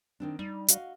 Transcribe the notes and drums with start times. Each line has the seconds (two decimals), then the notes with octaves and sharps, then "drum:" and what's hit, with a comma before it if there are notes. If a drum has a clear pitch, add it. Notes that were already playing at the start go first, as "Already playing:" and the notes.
0.20 D#3 C4 D4
0.39 G3 D#4
0.68 F#4 D#5 F5, drum: hi-hat